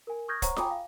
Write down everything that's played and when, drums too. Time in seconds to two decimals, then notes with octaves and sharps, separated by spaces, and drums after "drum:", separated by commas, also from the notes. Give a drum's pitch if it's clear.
0.07 A#4 G#5
0.28 C#6 D#6 F6 G6 G#6 A#6
0.42 C5 C#5 F#5 A#5 C#6, drum: kick, hi-hat
0.56 G5 G#5 A#5 B5 D6 D#6, drum: snare F4
0.71 F5